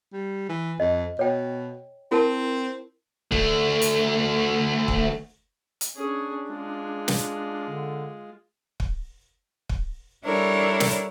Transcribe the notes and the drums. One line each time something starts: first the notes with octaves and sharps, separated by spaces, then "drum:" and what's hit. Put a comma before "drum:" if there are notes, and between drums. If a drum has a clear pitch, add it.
G3
E3
F2 D#5
B2 C#5 G5
C4 E4 A#4 A5
D3 A3, drum: kick
drum: hi-hat
drum: kick
drum: hi-hat
C#4 D4 G#4
G#3 F4
drum: snare
D3
drum: kick
drum: kick
G3 D4 E4 A4 A#4 C#5
drum: snare